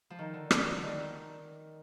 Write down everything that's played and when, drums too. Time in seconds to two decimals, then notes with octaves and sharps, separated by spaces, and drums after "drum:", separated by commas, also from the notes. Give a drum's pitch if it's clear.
0.10 F3
0.19 D#3
0.34 D3
0.51 D3, drum: rim click
0.75 D3
0.82 D#3